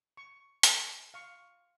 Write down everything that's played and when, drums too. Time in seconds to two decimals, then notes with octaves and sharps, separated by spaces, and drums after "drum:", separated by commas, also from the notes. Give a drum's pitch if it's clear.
0.17 C#6
0.63 A5, drum: hi-hat
1.14 F5 C#6